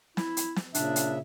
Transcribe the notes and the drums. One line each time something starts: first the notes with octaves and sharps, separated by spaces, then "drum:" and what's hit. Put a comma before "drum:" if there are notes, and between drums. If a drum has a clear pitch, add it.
E4, drum: snare
drum: hi-hat
drum: snare
A#2 C#3 D4 E5, drum: hi-hat
drum: hi-hat